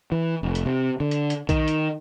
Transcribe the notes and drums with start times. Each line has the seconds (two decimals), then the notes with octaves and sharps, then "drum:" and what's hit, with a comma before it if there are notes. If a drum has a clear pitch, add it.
0.12 E3
0.43 F1
0.55 drum: hi-hat
0.66 C3
1.00 D3
1.11 drum: hi-hat
1.30 drum: hi-hat
1.49 D#3, drum: kick A#1, hi-hat
1.68 drum: hi-hat